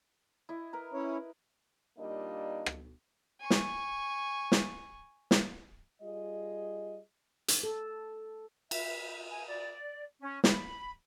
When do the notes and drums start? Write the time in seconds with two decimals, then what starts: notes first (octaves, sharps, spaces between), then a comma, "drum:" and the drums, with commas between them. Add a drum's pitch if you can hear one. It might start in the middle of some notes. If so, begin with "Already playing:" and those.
0.49 E4 D#5
0.73 A#4 B4 A#5
0.93 C#4 E4 C#5
1.98 A#2 G3 A#3 D4 D#4 D#5
2.66 drum: rim click
3.40 G#5 C#6
3.50 drum: snare
4.52 drum: snare
5.31 drum: snare
6.02 G3 F4 G#4 D#5
7.48 drum: hi-hat
7.63 A4
8.71 E5, drum: cymbal
9.30 G#5
9.47 D5
10.21 C#4
10.44 B5, drum: snare